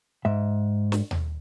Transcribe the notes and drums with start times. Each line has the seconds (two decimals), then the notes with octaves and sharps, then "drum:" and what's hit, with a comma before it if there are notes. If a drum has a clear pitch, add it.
0.25 G#2 E5
0.92 drum: snare
1.11 drum: tom D#2